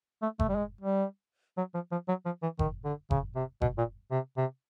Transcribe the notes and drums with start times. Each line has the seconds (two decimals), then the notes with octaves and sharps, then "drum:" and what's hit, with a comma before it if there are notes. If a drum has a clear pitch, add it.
0.22 A3
0.39 A3, drum: kick F#1
0.49 G3
0.56 G#3
0.81 G3
1.57 F#3
1.74 F3
1.92 F3
2.08 F#3
2.25 F3
2.43 E3
2.59 D#3, drum: kick F#1
2.85 D3
3.11 C#3, drum: kick F#1
3.35 C3
3.62 B2, drum: kick F#1
3.78 A#2
4.11 C3
4.37 C3